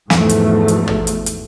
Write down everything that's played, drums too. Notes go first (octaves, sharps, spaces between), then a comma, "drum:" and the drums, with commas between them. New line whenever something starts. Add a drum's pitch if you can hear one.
E2 G#2 B2 F3 A3, drum: snare
drum: hi-hat
drum: hi-hat
drum: tom
drum: hi-hat
drum: hi-hat